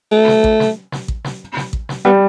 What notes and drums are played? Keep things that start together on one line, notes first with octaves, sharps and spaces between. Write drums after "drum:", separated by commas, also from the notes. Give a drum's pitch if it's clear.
A3
drum: snare
drum: kick A1
drum: snare
drum: snare
drum: kick A1
drum: snare
drum: snare
drum: kick A1
drum: snare
G3 B3